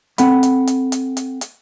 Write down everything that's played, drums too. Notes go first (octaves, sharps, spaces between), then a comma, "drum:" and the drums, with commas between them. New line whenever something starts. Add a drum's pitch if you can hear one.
C4 A4 F#5 B5, drum: hi-hat
drum: hi-hat
drum: hi-hat
drum: hi-hat
drum: hi-hat
drum: hi-hat